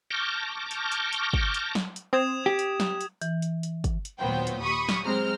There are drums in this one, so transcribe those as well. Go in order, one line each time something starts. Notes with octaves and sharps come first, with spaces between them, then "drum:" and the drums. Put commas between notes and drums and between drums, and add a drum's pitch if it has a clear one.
A5 C#6 D6 F6 G6 A#6
drum: hi-hat
drum: hi-hat
drum: hi-hat
drum: kick
drum: hi-hat
drum: snare
drum: hi-hat
C4 D#6 G#6 E7
G4
drum: hi-hat
drum: snare
drum: hi-hat
E3, drum: hi-hat
drum: hi-hat
drum: hi-hat
drum: kick, hi-hat
drum: hi-hat
D#2 A#2 F#3 B3 C5 G5
drum: hi-hat
G4 B5 C#6 D#6
drum: snare
F#3 G#3 C4 C5 A#5 F6